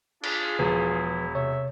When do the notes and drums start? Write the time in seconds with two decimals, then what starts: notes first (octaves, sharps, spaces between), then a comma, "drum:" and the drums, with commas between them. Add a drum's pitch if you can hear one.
0.24 D4 F4 G#4, drum: cymbal
0.59 E1 F3 E4 B4
1.35 C3 C#5 E5